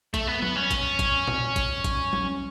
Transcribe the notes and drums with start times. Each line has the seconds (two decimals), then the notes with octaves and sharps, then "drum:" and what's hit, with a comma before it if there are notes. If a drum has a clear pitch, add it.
0.14 A3, drum: kick, hi-hat
0.28 B3
0.42 B3, drum: tom F#3
0.56 C#4
0.71 drum: kick, hi-hat
0.99 drum: kick, hi-hat
1.28 drum: tom
1.56 drum: kick, hi-hat
1.84 drum: kick, hi-hat
2.13 drum: tom F#3